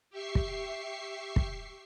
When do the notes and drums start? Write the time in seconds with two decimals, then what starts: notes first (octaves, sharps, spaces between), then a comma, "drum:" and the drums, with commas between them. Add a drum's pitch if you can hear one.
0.10 G4 E5 C#6 C7
0.35 drum: kick
1.36 drum: kick